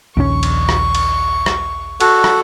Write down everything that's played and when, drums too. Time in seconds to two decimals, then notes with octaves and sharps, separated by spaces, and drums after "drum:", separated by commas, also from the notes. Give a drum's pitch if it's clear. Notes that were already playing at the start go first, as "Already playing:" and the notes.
0.17 A#1 D#2 C#4 C#6
0.43 drum: cymbal
0.69 drum: rim click
0.95 drum: cymbal
1.46 drum: rim click
2.00 F#4 A4 F#5, drum: cymbal
2.24 drum: rim click